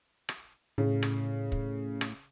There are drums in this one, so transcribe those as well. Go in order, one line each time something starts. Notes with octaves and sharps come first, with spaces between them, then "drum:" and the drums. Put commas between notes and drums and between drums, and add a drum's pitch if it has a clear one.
drum: rim click
A2 C#3
drum: rim click
drum: kick
drum: rim click